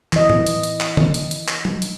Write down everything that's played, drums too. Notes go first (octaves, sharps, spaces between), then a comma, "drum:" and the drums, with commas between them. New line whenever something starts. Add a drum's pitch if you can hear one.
E3 D#5, drum: clap
drum: tom A2
drum: hi-hat
drum: hi-hat
drum: clap
drum: tom
drum: hi-hat
drum: hi-hat
drum: clap
drum: tom F#3
drum: hi-hat